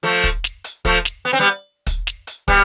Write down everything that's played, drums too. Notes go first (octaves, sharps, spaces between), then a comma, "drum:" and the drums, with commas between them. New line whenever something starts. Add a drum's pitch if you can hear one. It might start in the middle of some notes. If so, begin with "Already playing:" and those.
F3 A3
drum: kick, hi-hat
drum: snare
drum: hi-hat
F3 A3, drum: kick
drum: snare
B3
C4
G3 B3
drum: kick, hi-hat
drum: snare
drum: hi-hat
G3 B3, drum: kick